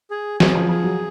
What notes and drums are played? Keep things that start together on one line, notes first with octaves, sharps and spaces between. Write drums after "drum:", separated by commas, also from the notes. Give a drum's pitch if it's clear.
G#4
F#3 G#4, drum: snare
F3
F3 G#4
F#3